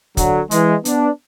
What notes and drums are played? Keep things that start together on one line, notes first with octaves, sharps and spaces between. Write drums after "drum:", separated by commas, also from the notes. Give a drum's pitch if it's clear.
D3 F#3, drum: kick, hi-hat
E3 G#3, drum: hi-hat
B3 D4, drum: hi-hat